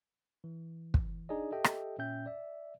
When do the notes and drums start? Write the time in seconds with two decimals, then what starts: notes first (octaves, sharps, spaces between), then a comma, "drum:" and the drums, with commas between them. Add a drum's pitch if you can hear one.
0.44 E3
0.94 drum: kick
1.29 D4 D#4 G#4 D5 D#5
1.52 G4 A4 D#5 E5 G5
1.64 drum: rim click
1.98 A#2 C#4 E5 G5 G6
2.26 D5 E5